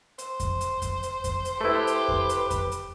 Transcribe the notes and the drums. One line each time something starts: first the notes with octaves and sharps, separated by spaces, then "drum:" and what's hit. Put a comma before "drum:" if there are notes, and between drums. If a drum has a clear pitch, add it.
C5, drum: hi-hat
drum: kick F2, hi-hat
drum: hi-hat
drum: kick F2, hi-hat
drum: hi-hat
drum: kick F2, hi-hat
drum: hi-hat
A3 E4 G4 B4
drum: hi-hat
drum: kick F2
drum: hi-hat
drum: kick F2, hi-hat
drum: hi-hat